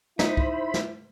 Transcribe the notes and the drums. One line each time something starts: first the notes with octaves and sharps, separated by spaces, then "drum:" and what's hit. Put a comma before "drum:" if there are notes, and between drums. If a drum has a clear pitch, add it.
D#4 E4 C5 B5, drum: snare
drum: kick
drum: snare